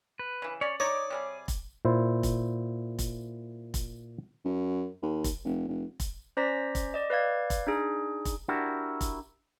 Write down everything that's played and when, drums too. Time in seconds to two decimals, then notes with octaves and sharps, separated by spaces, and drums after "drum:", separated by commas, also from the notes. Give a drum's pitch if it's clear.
0.19 B4
0.42 C#3 E3
0.61 C#4 C#5 D5
0.80 D#4 C#5 D5 D6 D#6
1.10 C3 G3 G#4
1.48 drum: kick, hi-hat
1.85 A#2 E4 C5
2.23 drum: kick, hi-hat
2.99 drum: kick, hi-hat
3.74 drum: kick, hi-hat
4.45 F#2
5.02 D#2
5.24 drum: kick, hi-hat
5.45 F1
5.69 F1
6.00 drum: kick, hi-hat
6.37 C#4 C5 D5 A#5 A#6 B6
6.75 drum: kick, hi-hat
6.94 D5 D#5
7.10 B4 D5 F5 G#6
7.50 drum: kick, hi-hat
7.67 D4 D#4 G#4
8.25 drum: kick, hi-hat
8.48 D4 E4 F#4 G4 A#4
9.01 drum: kick, hi-hat